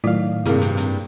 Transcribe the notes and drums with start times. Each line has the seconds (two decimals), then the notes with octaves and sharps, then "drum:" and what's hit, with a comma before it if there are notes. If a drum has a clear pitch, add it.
0.04 A2 D#3 F#3 F4 D5 F5
0.46 G2 C3 A#3 E4 G#4, drum: hi-hat
0.61 drum: hi-hat
0.77 drum: hi-hat